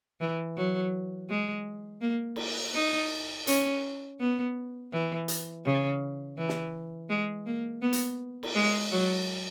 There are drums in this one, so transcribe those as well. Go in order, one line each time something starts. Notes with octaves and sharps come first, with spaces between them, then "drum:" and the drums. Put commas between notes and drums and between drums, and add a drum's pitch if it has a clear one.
E3
F#3
G#3
A#3
drum: cymbal
D#4
C#4, drum: hi-hat
B3
E3
drum: hi-hat
C#3
E3
drum: snare
G#3
A#3
B3
drum: hi-hat
drum: cymbal
G#3
F#3